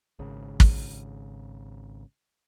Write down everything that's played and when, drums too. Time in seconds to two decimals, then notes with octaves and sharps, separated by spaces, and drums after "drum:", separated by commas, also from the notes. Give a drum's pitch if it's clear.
0.19 G#1 C#3
0.60 drum: kick